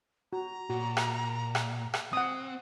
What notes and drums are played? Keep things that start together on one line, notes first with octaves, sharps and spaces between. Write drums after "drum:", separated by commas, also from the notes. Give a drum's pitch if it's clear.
F#4 A#5
A#2 F#4
drum: rim click
drum: rim click
drum: rim click
C4 F#5 D#6